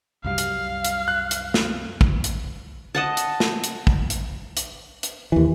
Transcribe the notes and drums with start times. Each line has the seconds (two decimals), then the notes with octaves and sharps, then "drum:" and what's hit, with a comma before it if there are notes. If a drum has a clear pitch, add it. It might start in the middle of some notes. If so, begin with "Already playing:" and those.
0.24 C2 F#2 G3 F5
0.38 drum: hi-hat
0.84 drum: hi-hat
1.08 F#6
1.31 drum: hi-hat
1.54 drum: snare
2.01 drum: kick
2.24 drum: hi-hat
2.95 D#5 F#5 A5
3.17 drum: hi-hat
3.40 drum: snare
3.64 drum: hi-hat
3.87 drum: kick
4.10 drum: hi-hat
4.57 drum: hi-hat
5.03 drum: hi-hat
5.32 D#2 E3